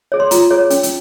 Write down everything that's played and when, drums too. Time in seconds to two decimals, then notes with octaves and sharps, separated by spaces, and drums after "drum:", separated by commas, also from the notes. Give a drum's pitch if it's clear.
0.12 G#4 C#5
0.20 C6
0.31 F4 A#5, drum: hi-hat
0.51 G#4 C#5
0.70 C#4, drum: hi-hat
0.83 drum: hi-hat